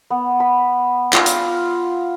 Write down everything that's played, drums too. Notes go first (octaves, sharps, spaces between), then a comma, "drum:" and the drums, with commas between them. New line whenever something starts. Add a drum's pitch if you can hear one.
B3
B5
F4, drum: clap
drum: hi-hat